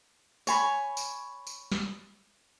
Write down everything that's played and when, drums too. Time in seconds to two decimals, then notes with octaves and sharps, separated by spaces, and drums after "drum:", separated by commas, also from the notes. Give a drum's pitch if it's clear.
0.47 C#5 G#5 B5, drum: tambourine
0.97 drum: tambourine
1.47 drum: tambourine
1.72 drum: snare